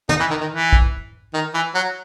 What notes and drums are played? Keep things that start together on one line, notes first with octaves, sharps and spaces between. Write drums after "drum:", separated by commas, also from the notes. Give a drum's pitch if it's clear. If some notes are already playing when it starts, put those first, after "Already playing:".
D#4, drum: tom
E3
D#3
D#3
E3
drum: kick
D#3
E3
F#3